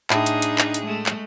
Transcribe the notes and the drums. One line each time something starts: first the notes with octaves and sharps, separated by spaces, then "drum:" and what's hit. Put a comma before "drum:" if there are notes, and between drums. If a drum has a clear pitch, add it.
A2 D4 D#4 G#4, drum: clap
drum: hi-hat
drum: hi-hat
drum: clap
drum: hi-hat
G#3 A3
drum: clap